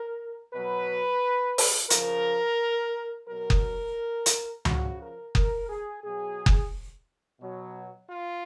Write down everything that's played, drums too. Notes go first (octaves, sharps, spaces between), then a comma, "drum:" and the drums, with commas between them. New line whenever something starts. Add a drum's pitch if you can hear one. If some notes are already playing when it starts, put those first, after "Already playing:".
Already playing: A#4
B2 F#3 B4
drum: open hi-hat
C#3 F3 A#4, drum: hi-hat
B2 F#3 A#4
drum: kick F#1
drum: hi-hat
C#3 F3 F#4, drum: tom C#2
A#4
A#4, drum: kick F#1
G#4
B2 F#3 G#4
drum: kick F#1
B2 F#3
F4